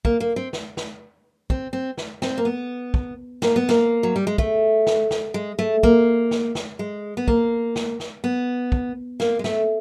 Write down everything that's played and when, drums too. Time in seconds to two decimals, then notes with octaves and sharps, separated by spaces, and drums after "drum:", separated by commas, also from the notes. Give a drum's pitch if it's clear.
0.05 A#3, drum: kick
0.20 A#3
0.36 C4
0.53 drum: snare
0.77 drum: snare
1.50 C4, drum: kick
1.73 C4
1.97 drum: snare
2.22 C4, drum: snare
2.38 A#3
2.45 B3
2.94 drum: kick
3.42 A#3, drum: snare
3.56 B3
3.69 A#3, drum: snare
4.03 F#3
4.16 G3
4.27 G#3
4.38 A3, drum: kick
4.87 drum: snare
5.11 drum: snare
5.34 G#3
5.59 A3
5.83 A#3, drum: kick
6.31 drum: snare
6.55 drum: snare
6.79 G#3
7.17 B3
7.28 A#3, drum: kick
7.76 drum: snare
8.00 drum: snare
8.24 B3
8.72 drum: kick
9.20 A#3, drum: snare
9.39 G#3
9.44 A3, drum: snare